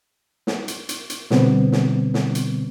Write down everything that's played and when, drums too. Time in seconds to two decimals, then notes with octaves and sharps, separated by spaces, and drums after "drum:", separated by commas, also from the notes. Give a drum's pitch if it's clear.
0.47 drum: snare
0.68 drum: hi-hat
0.89 drum: hi-hat
1.10 drum: hi-hat
1.31 B2 D3 G3 B3 C4, drum: snare
1.72 drum: snare
2.14 drum: snare
2.35 drum: hi-hat